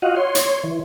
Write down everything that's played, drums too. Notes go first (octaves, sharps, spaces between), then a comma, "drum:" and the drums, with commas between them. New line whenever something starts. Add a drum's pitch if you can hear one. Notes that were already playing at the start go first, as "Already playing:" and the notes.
F4 F#4 D#5 F5 F#5
C#5 C6
drum: hi-hat
E3